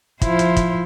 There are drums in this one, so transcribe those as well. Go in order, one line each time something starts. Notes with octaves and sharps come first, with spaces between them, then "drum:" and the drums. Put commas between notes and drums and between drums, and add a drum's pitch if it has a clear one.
F3 E4 C5, drum: kick, hi-hat
drum: hi-hat
drum: kick, hi-hat